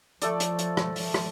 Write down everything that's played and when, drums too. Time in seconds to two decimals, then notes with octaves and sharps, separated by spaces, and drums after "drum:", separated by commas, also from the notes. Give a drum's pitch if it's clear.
0.22 F3 A3 A4 D5, drum: hi-hat
0.40 drum: hi-hat
0.59 drum: hi-hat
0.77 drum: rim click
0.96 drum: open hi-hat
1.14 drum: rim click